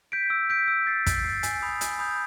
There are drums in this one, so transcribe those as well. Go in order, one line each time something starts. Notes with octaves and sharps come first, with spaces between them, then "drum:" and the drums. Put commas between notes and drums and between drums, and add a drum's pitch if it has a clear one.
G6 B6 D7
E6
G6 B6 D7
E6
A6 C7
E6, drum: kick, hi-hat
A6 C7
G#5, drum: hi-hat
B5 D#6 G6
G#5, drum: hi-hat
B5 D#6 G6